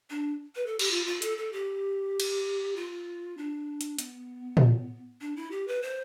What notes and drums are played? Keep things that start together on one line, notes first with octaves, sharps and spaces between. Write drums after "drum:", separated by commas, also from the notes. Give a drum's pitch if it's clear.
D4
B4
A4
G4, drum: cymbal
F4
F4
A4, drum: hi-hat
A4
G4
drum: cymbal
F4
D4
drum: hi-hat
B3, drum: hi-hat
drum: tom
D4
E4
G4
B4
C5